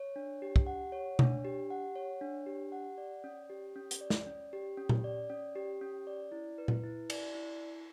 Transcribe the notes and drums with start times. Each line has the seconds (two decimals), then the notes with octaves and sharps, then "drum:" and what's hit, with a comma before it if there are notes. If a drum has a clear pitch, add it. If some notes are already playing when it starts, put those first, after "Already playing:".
Already playing: C#5
0.16 D4
0.42 G4
0.56 drum: kick
0.67 F#5
0.92 C#5
1.19 D4, drum: tom B2
1.45 G4
1.70 F#5
1.95 C#5
2.21 D4
2.46 G4
2.72 F#5
2.98 D5
3.24 C#4
3.50 G4
3.76 C#4
3.91 drum: hi-hat
4.01 D5
4.10 drum: snare
4.26 C#4
4.53 G4
4.77 C#4
4.89 drum: tom A#2
5.04 D5
5.29 C#4
5.56 G4
5.81 C#4
6.07 D5
6.32 E4
6.58 B4
6.68 drum: tom A#2
6.84 E4
7.10 D5, drum: cymbal
7.35 E4